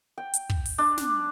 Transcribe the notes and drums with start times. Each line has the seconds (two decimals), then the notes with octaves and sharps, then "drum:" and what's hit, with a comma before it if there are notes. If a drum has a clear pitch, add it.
0.18 G5
0.34 drum: hi-hat
0.50 drum: kick
0.66 drum: open hi-hat
0.78 D4
0.98 drum: snare